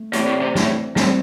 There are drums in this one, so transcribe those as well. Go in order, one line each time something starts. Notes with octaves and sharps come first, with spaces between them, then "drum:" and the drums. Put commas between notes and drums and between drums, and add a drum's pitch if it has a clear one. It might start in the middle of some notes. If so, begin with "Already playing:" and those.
Already playing: A3
A2 E3 C4 G4 D5, drum: hi-hat
A2
C3
A2, drum: snare
A2 G3 C4 E4, drum: snare